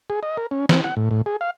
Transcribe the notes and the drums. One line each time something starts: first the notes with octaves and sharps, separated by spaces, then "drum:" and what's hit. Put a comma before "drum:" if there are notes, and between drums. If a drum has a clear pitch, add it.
G#4
D#5
A#4
C#4
C4, drum: snare
F#5
A2
A2
G#4
F5